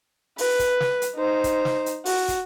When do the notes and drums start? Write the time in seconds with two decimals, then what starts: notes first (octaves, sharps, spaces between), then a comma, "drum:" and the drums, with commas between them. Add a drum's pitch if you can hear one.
0.38 B4, drum: open hi-hat
0.59 drum: kick, hi-hat
0.80 drum: snare
1.02 drum: hi-hat
1.16 D#4 C5
1.44 drum: kick, hi-hat
1.65 drum: snare
1.86 drum: hi-hat
2.05 F#4, drum: open hi-hat
2.28 drum: kick, hi-hat